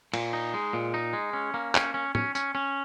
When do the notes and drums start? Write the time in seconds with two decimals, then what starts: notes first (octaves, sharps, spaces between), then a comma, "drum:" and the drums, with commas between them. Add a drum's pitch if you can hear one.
0.14 A#2, drum: cymbal
0.33 D#4
0.54 G#3
0.73 A#2
0.94 D#4
1.13 G#3
1.33 C#4
1.54 A#3
1.75 C#4, drum: clap
1.94 C#4
2.15 C#4, drum: tom
2.35 C#4, drum: tambourine
2.55 C#4